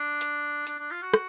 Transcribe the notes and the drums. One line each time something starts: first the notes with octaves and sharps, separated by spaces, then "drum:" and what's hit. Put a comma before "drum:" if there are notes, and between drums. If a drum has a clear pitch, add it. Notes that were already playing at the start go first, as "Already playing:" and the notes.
Already playing: D4
drum: hi-hat
D4, drum: hi-hat
D4
F4
F#4
drum: rim click